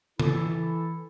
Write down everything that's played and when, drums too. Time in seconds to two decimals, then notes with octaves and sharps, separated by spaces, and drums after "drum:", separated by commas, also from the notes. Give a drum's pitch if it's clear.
0.20 E3 E4 A4, drum: tom C#3